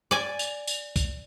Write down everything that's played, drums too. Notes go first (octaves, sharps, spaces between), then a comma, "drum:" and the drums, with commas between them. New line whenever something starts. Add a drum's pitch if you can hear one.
D5 G#5
drum: tambourine
drum: tambourine
drum: kick, tambourine